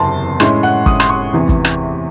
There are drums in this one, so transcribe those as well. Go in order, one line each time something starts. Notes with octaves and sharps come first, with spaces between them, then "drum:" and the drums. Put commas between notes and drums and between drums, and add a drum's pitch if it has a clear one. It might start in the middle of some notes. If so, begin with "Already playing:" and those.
Already playing: F#1 E2 C3 A5 C6
A2 G#3 C#4 E4 C6, drum: rim click
F#5
D#6, drum: kick
C6, drum: rim click
C#6
E2 C3 E3
drum: kick
drum: rim click